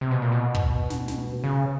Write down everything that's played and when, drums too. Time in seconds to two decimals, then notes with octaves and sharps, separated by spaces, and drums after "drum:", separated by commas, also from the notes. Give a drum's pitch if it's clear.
0.01 C3
0.11 B2
0.22 A#2
0.32 B2
0.55 drum: kick
0.90 drum: snare
1.08 drum: snare
1.44 C#3